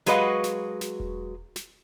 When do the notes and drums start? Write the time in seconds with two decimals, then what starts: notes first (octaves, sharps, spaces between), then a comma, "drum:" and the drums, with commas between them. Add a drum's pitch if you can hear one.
0.06 F#3 G#3 F#4 B4 D#5 F5, drum: snare
0.44 drum: snare
0.81 drum: snare
1.00 drum: kick E1
1.56 drum: snare